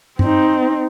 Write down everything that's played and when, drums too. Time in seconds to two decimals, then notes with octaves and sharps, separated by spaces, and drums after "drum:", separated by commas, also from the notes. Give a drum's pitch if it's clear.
0.19 C4 D#4, drum: tom G2